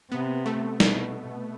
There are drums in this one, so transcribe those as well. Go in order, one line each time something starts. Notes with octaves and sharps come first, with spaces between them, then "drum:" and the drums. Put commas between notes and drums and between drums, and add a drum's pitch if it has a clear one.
C3 B3
A3
B2, drum: snare